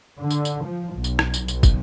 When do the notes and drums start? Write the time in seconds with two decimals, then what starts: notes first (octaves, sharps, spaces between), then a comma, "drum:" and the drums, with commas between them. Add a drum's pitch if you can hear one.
0.19 D3
0.30 drum: tambourine
0.45 drum: tambourine
0.64 F3
0.93 B1
1.04 drum: tambourine
1.19 drum: rim click
1.34 drum: tambourine
1.48 B1, drum: tambourine
1.63 drum: kick, tambourine